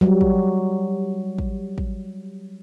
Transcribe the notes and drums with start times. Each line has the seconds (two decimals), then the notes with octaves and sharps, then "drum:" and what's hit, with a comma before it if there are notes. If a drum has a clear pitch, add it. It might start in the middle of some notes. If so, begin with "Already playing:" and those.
0.01 F#3 G3
0.21 drum: kick
1.38 drum: kick
1.78 drum: kick